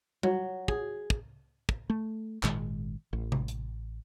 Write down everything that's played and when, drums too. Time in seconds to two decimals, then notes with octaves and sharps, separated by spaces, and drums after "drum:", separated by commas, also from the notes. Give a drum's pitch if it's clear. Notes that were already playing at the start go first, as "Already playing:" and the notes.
0.23 F#3, drum: tom G3
0.68 G#4, drum: kick
1.10 drum: kick
1.69 drum: kick
1.90 A3
2.43 G#1 A#2 D#3 G#3, drum: clap
3.13 A1
3.32 drum: tom C3
3.48 drum: hi-hat